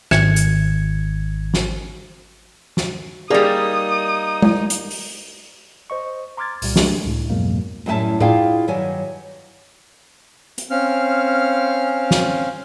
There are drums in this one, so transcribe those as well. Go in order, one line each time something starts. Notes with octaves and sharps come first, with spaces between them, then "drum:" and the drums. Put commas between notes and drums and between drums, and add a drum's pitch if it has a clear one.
G#1 G#6 C#7, drum: rim click
drum: hi-hat
drum: snare
drum: snare
G3 A#3 D#4 G#4 D5 D#6
drum: tom G#3
drum: hi-hat
drum: open hi-hat
C5 D#5 C#6
A#5 C6 D6 F6 G#6 A6
C2 A#2 G3, drum: open hi-hat
F#3 G#3 A3 D4 G4, drum: snare
C#2 A2
F2 G#2 B2 F#3 G#3 A#3
F#2 A2 G3 G4 E5 A5
E4 F4 G#4 D5 F5 G5, drum: tom A2
G2 D#3 F#3 G3 C#5 G#5
drum: hi-hat
C4 C#4 F5 F6
drum: snare